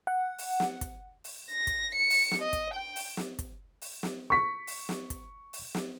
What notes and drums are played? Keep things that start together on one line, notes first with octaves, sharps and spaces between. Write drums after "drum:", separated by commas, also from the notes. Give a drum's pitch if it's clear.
F#5
drum: open hi-hat
drum: snare
drum: kick, hi-hat
drum: open hi-hat
A#6
drum: kick, hi-hat
C#7
drum: open hi-hat
drum: snare
D#5
drum: kick, hi-hat
G5
drum: open hi-hat
drum: snare
drum: kick, hi-hat
drum: open hi-hat
drum: snare
C#6 B6
drum: open hi-hat
drum: snare
drum: kick, hi-hat
drum: open hi-hat
drum: snare